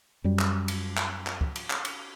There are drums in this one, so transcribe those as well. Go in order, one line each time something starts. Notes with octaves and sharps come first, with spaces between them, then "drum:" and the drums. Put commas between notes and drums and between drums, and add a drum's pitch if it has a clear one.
F#2 G3
drum: clap
drum: cymbal
drum: clap
drum: clap
drum: kick
drum: cymbal
drum: clap
drum: cymbal